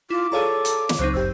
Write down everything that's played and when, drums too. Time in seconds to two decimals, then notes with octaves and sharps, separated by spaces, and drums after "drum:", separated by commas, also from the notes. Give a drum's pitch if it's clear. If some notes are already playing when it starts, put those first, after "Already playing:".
0.10 E4 F4 D6
0.32 F4 G#4 A4 C#5 D5 F5 A#5
0.65 drum: hi-hat
0.89 drum: snare
0.99 C#2 F#3 C4 D#4 C5
1.14 G1 F#2 G4 C5 E6